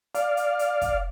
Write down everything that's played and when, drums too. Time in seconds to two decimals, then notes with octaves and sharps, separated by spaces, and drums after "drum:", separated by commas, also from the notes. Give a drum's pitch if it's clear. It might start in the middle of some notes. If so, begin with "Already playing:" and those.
0.15 D5 F5, drum: hi-hat
0.37 drum: hi-hat
0.59 drum: hi-hat
0.81 drum: kick, hi-hat